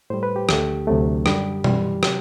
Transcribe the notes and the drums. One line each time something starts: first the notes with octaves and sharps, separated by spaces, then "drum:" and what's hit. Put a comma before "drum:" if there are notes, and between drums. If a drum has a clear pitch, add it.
A2 G3 C5
B4
G4
D2 D3 A3 G4, drum: rim click
D2 C3 F#3 A3
F#2 D3 G3 G4, drum: rim click
F#2 E3 G3, drum: tom B2
C3 F#3 G4, drum: rim click